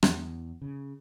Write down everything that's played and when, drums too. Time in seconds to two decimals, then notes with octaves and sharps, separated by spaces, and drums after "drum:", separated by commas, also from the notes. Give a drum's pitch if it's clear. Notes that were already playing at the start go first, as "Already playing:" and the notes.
0.03 E2, drum: rim click
0.62 C#3